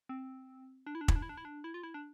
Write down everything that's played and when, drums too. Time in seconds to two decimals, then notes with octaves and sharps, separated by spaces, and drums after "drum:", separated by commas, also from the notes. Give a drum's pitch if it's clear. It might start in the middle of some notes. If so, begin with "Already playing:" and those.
0.09 C4
0.86 D4
0.95 E4
1.01 D4
1.08 E4, drum: kick
1.16 D4
1.22 E4
1.29 D4
1.37 E4
1.45 D4
1.64 E4
1.74 F4
1.83 E4
1.94 D4